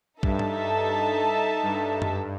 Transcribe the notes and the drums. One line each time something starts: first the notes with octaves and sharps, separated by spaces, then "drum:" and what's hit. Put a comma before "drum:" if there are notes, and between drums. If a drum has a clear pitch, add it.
G2 D#4 A4 E5 A5, drum: kick
drum: tom G2
G2
drum: tom F#2